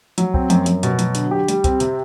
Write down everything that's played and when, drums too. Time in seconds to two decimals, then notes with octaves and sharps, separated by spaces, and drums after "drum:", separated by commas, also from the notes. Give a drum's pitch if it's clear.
0.18 F#3, drum: hi-hat
0.34 C4, drum: kick C2
0.50 F#2, drum: hi-hat
0.66 F#2, drum: hi-hat
0.83 B2, drum: hi-hat
0.99 F#3, drum: hi-hat
1.15 D3, drum: hi-hat
1.31 G4
1.48 G3, drum: hi-hat
1.64 C4, drum: kick C2, hi-hat
1.80 C3, drum: hi-hat